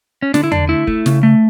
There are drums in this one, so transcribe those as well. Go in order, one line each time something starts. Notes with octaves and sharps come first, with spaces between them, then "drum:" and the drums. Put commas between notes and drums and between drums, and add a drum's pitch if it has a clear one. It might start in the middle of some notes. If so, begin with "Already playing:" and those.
C#4
D3 D4, drum: snare
E4
D3 D4, drum: tom E2
A3 E4
A3, drum: kick
C#3, drum: snare
A3